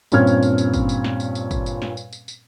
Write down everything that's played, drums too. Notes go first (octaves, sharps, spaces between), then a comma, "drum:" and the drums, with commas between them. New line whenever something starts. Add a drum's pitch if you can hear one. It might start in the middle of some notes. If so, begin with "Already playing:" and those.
G2 A#2 C4 C#4 F6 G#6, drum: tambourine
drum: tambourine
drum: tambourine
drum: tambourine
drum: kick, tambourine
drum: tambourine
drum: snare
drum: tambourine
drum: tambourine
drum: kick, tambourine
drum: tambourine
drum: snare
drum: tambourine
drum: tambourine
drum: tambourine